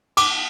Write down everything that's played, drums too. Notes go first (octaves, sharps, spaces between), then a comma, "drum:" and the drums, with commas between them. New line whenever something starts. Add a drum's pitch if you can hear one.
D6, drum: cymbal